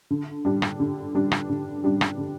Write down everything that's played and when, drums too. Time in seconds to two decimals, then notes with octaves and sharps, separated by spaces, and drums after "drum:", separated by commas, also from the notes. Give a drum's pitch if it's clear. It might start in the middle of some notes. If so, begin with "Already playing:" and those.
0.11 D3
0.45 G3 D4
0.62 drum: rim click
0.80 D3
1.15 G3 D4
1.32 drum: rim click
1.49 D3
1.84 G3 D4
2.01 drum: rim click
2.18 D3